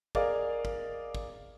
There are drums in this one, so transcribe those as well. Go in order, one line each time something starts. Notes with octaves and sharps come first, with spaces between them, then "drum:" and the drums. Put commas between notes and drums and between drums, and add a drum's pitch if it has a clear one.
G#4 A#4 D5 D#5 F5, drum: kick
drum: kick
drum: kick